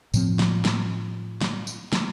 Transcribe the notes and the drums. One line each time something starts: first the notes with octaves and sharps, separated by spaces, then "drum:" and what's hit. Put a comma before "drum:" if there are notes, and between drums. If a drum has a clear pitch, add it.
A2 F3 C4, drum: tambourine
drum: snare
drum: snare
drum: snare
drum: tambourine
drum: snare